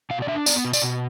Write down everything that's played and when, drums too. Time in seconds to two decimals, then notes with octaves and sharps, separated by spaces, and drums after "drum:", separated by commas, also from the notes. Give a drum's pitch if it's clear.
0.10 B2 F5
0.22 D5
0.28 D4 E5
0.46 B3 D5, drum: tambourine
0.65 B2
0.73 D5, drum: tambourine
0.82 B2